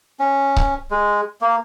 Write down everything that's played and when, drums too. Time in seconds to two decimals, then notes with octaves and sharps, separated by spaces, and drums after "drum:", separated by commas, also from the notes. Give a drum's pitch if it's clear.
0.19 C#4
0.56 drum: kick C#1
0.91 G#3
1.41 A#3